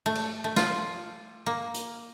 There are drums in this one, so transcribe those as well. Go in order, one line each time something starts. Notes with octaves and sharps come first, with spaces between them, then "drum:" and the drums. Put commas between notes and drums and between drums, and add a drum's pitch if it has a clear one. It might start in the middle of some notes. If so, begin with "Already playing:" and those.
A3
drum: cymbal
A3
F4, drum: snare
A#3
drum: hi-hat